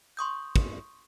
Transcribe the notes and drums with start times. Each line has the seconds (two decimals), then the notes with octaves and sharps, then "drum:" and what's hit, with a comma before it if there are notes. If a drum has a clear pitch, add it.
0.17 C6 C#6 D#6 G6
0.56 drum: kick